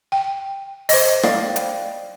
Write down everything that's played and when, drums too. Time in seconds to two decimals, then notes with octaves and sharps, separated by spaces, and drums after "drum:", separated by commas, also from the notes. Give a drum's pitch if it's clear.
0.12 G5
0.89 C5 D#5, drum: open hi-hat
1.23 D5 F5 G5, drum: rim click
1.56 drum: hi-hat